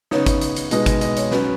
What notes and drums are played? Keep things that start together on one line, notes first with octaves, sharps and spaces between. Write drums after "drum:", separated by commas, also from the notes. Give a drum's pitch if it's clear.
C#3 B3 D#4 C#5, drum: snare
drum: kick, hi-hat
drum: hi-hat
drum: hi-hat
B2 G#3 B3 D#4 D#5, drum: hi-hat
D#5, drum: kick, hi-hat
D#5, drum: hi-hat
C#5, drum: hi-hat
F#3 C#4 B4, drum: snare